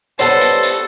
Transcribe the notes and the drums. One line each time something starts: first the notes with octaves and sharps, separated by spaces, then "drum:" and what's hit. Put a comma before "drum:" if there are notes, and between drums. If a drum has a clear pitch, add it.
G3 A#3 B3 A4 C5 C#5 F#5 A5, drum: hi-hat
drum: hi-hat
drum: hi-hat